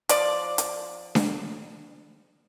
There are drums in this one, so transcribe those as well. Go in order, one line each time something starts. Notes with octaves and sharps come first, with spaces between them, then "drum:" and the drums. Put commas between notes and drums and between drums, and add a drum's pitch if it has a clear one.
F3 D5, drum: hi-hat
drum: hi-hat
drum: snare D4